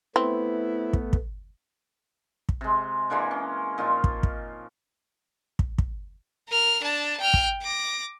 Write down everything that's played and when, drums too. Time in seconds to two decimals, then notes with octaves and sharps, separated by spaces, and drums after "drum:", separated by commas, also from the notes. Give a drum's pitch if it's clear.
0.16 A3 B3 C4 E4 B4 C5
0.93 drum: kick
1.13 drum: kick
2.49 drum: kick
2.61 C3 G#3
3.10 E3 G#3 A#3 D4
3.31 C#4
3.78 A#2 F3 D#4 F4
4.04 drum: kick
4.23 drum: kick
5.59 drum: kick
5.78 drum: kick
6.48 A#4 F6
6.82 D4 A5
7.20 G5 F6
7.34 drum: kick
7.62 D6 A#6